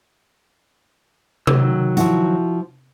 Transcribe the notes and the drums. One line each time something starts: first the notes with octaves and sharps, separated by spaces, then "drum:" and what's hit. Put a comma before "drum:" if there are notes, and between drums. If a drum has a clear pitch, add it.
D#3 F#3 E6, drum: tom C3
F3 E4 F#4, drum: hi-hat